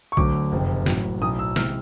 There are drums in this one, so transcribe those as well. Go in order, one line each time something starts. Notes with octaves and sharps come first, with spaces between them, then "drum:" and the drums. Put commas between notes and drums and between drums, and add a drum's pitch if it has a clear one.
C#6
D2 D3 F#3 D6, drum: kick
F#1 F2 C3
A1 A2 F#3, drum: snare
B1 A2 F#3 D#6
E6
C3 E3 G#3 F6, drum: snare